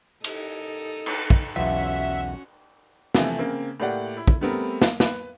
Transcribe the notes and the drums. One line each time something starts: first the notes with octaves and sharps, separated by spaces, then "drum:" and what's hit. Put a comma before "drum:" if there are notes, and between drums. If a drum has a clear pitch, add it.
D#4 A4, drum: cymbal
drum: cymbal
drum: kick
B1 E2 C#4 F4 F#4 E5 F#5
C3 E3 F3 A3, drum: snare
C#3 A#3 C4
A2 A#3 G4 D5 F#5
E4
drum: kick
G3 A3 B3 C4 A#4
drum: snare
B4, drum: snare